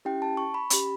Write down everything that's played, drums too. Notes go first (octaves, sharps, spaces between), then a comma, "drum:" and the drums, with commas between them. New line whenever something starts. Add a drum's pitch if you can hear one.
C#4 E4 G4 G5
A5
C#6
B5
C#4 G4 B5, drum: hi-hat